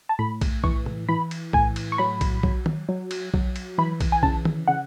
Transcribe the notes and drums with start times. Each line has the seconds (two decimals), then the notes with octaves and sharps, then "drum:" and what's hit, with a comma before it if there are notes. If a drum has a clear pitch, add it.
0.09 A5
0.19 A2 B5
0.41 drum: kick, cymbal
0.64 E3 C#6, drum: kick
0.86 drum: tom
1.09 E3 B5
1.31 drum: cymbal
1.53 A2 G#5, drum: kick
1.76 drum: cymbal
1.92 C#6
1.98 F#3 B5
2.21 drum: kick, cymbal
2.43 F#3, drum: kick
2.66 drum: tom
2.89 F#3
3.11 drum: cymbal
3.34 F#3, drum: kick
3.56 drum: cymbal
3.78 E3 B5
4.00 drum: kick, cymbal
4.12 G#5
4.23 C#3 A5, drum: kick
4.45 drum: tom
4.68 C#3 F#5